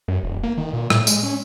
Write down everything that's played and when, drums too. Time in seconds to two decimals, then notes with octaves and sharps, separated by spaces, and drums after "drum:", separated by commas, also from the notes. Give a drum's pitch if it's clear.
0.08 F#2
0.23 E1
0.43 A#3
0.58 D#3
0.73 A#2
0.90 A2, drum: rim click
1.07 G#3, drum: tambourine
1.23 C#4